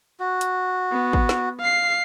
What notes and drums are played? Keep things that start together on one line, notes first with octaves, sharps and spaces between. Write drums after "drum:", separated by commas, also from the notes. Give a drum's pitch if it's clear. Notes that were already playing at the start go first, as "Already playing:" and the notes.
F#4
drum: hi-hat
B3
drum: kick
drum: snare
F5 C7